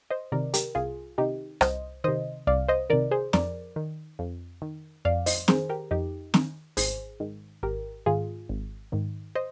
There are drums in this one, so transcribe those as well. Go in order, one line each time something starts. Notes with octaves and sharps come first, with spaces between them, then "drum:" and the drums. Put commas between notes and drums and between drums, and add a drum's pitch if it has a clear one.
C5 D#5
C3 D#3 A#4 D5
G4 A#4, drum: hi-hat
C2 F4 G#4
C3 D#3 D#4 G4
C2 C5 D#5, drum: rim click
C3 D#3 C5 D#5
C2 D5 F5
C5 D#5
C3 D#3 A#4 D5
G#4 C5
F2 A#4 D5, drum: snare
D#3
F2
D#3
F2 D5 F5
C5 D#5, drum: open hi-hat
D#3 G#4 C5, drum: snare
G4 A#4
F2 D#4 G4
D#3, drum: snare
G#1 G#4 C5, drum: open hi-hat
G#2 D#3
G#1 G4 A#4
G#2 D#3 F4 G#4
G#1
G#2 D#3
C5 D#5